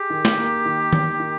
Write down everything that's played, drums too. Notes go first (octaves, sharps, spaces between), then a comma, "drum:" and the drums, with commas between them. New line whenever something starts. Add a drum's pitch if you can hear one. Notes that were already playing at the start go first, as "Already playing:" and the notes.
Already playing: G4 G#4
D#3
drum: snare
A#3
D#3
D#3, drum: tom D#3
D#3